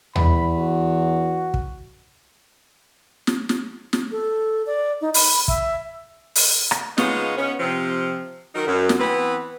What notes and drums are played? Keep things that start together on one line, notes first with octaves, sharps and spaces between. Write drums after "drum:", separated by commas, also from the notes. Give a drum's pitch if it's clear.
E2 B5, drum: tom D#2
F#4
drum: kick
drum: snare
drum: snare
drum: snare
A4
D5
D#4
B5, drum: open hi-hat
E5, drum: kick
drum: open hi-hat
drum: rim click
C#3 G#3 B3 D#4 F4 C#5, drum: snare
B3 C#4
C3 F3 C4
D#3 F#3 D#4 A#4
F#2
drum: snare
E3 B3 C4 B4